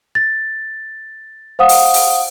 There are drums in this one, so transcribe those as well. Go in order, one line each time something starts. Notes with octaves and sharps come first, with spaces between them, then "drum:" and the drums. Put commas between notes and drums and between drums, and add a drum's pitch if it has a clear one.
A6
C5 F5 F#5 D#6
drum: open hi-hat
drum: open hi-hat